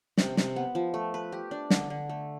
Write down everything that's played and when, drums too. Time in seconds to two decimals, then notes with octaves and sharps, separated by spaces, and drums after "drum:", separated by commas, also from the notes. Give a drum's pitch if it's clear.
0.18 C3, drum: snare
0.37 C3, drum: snare
0.56 B3
0.75 F3
0.94 A3
1.14 B4
1.32 G4
1.51 D4
1.70 D3, drum: snare
1.90 D3
2.09 A3